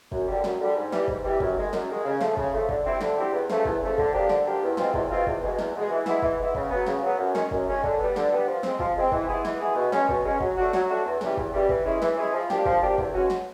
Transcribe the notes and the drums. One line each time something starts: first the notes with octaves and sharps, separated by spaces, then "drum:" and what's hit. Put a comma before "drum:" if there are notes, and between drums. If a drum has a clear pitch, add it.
F#2, drum: kick
D3 G3
F#2, drum: snare
D3 G3
G#2
E3 G3, drum: snare
G#2, drum: kick
E3 G3
F#2, drum: kick
D#3 G#3
F#2, drum: snare
D#3 G#3
C#3
F3 A3, drum: snare
C#3, drum: kick
F3 A3
D3, drum: kick
G3 C4 E4 G4
D3, drum: snare
G3 C4 E4 G4
E2
C#3 F3 A3, drum: snare
E2, drum: kick
C#3 F3 A3
D3, drum: kick
F3 A#3 D4 G4
D3, drum: snare
F3 A#3 D4 G4
E2
B2 G#3 C4 F4, drum: snare
E2, drum: kick
B2 G#3 C4 F4
E2, drum: kick
B2 G#3
E2, drum: snare
B2 G#3
E3
G#3 B3 E4, drum: snare
E3, drum: kick
G#3 B3 E4
C#3, drum: kick
F#3 B3
C#3, drum: snare
F#3 B3
F#2
D#3 G#3 C#4, drum: snare
F#2, drum: kick
D#3 G#3 C#4
D3, drum: kick
G3 B3
D3, drum: snare
G3 B3
F3
G#3 C4, drum: snare
F3, drum: kick
G#3 C4
E3, drum: kick
G#3 B3 E4 G#4
E3, drum: snare
G#3 B3 E4 G#4
B2
G#3 C#4, drum: snare
B2, drum: kick
G#3 C#4
F#3, drum: kick
A3 D4 F#4
F#3, drum: snare
A3 D4 F#4
E2
C#3 E3 G3, drum: snare
E2, drum: kick
C#3 E3 G3
E3, drum: kick
G#3 C#4 E4 G#4
E3, drum: snare
G#3 C#4 E4 G#4
F3
A#3 D4 G4, drum: snare
F3, drum: kick
A#3 D4 G4
E2, drum: kick
B2 G#3 C#4 F#4
drum: snare